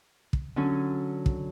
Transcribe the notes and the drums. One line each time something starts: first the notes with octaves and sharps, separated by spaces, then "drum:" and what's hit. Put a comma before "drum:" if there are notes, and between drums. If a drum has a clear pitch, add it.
drum: kick
D3 F#3 C#4
drum: kick